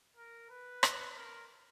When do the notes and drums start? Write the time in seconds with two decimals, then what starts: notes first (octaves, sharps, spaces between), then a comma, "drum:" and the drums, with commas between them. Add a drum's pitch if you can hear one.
0.17 A#4
0.50 B4
0.83 drum: rim click
1.16 A#4